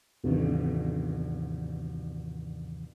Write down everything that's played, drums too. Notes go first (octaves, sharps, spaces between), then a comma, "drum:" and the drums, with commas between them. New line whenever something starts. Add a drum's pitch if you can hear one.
D#2 G#2 C3 D#3 E3, drum: cymbal